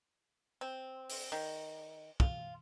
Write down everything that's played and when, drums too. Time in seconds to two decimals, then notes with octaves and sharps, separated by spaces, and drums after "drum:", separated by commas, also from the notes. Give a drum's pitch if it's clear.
0.61 C4
1.10 drum: open hi-hat
1.32 D#3
2.20 F4, drum: kick